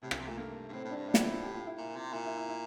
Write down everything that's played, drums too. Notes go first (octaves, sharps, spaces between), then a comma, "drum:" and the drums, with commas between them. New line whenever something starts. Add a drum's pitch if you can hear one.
A2 C3
A#2, drum: rim click
C3
A#2 A3
G2 A#3
G2
A2 C4
A2
D4
G2
A2 D4
E4, drum: snare
F4
F4
G4
F4
E4
A#2
C3
A#2 E4
E4
E4
E4